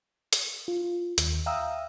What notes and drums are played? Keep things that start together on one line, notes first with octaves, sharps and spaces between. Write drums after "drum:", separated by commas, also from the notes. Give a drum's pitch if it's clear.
drum: hi-hat
F4
D#2, drum: hi-hat
E5 F5 G5 A#5 D#6 E6